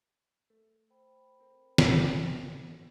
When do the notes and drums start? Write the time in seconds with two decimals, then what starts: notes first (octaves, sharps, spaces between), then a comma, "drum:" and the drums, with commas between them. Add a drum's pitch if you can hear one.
0.50 A3
0.90 C5 G5 B5
1.40 C4 A#4
1.78 drum: snare
2.67 G#2